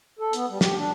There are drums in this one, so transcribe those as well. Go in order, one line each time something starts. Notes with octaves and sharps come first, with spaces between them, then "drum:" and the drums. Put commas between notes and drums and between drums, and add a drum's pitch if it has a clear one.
A4
B3, drum: hi-hat
G3
G4, drum: snare
D4